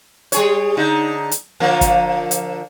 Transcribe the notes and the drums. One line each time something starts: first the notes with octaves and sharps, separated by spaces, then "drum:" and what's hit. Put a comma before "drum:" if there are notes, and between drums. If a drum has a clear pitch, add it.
G3 G#4 C#5, drum: hi-hat
D3 D#4
drum: hi-hat
D3 F3 A#3
drum: kick, hi-hat
drum: hi-hat